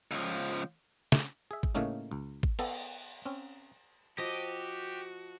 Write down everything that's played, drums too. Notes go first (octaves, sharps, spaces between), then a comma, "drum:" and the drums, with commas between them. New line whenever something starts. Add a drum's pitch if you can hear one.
C#2 F3
drum: snare
G#4 E5
drum: kick
A2 C#3 A3 A#3 C#4 D#4
C#2
drum: kick
B3 A4, drum: cymbal
C4 C#4
F3 F#4 G4 D#5